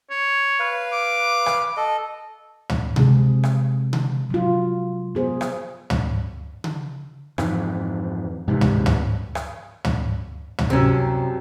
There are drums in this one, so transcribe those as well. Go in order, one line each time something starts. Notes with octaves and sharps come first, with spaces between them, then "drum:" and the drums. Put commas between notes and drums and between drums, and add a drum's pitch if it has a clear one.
C#5
B4 F5
D6
drum: rim click
A4 D#5
drum: tom
C3 G#3 C4 G#4, drum: tom C#3
drum: rim click
drum: tom C#3
F#3 F4
B3 G#4 C5
drum: rim click
drum: tom
drum: tom C#3
F2 G#2 E3, drum: rim click
G#2 C3 E3
drum: tom
drum: tom
drum: rim click
drum: tom
drum: tom
C2 F#2 C3 C4 C#4 E6